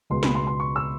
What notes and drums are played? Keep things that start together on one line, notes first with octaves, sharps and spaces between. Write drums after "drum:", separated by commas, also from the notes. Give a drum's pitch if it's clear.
C#2 B2 G#3 B3 C6
B5, drum: snare
C6
C6
C#6
E6